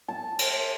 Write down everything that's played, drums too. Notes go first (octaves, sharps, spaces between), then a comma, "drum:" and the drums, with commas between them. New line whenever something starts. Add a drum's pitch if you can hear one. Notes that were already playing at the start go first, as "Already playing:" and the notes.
A5
drum: cymbal